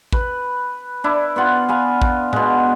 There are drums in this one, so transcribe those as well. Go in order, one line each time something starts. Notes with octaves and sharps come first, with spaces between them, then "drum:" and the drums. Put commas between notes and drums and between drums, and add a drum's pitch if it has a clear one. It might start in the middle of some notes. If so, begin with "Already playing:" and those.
B4, drum: kick A1
D4 E4
B3 F4 F#5 C6
F5 G#5 B5
drum: kick A1
B2 G#3, drum: tom A2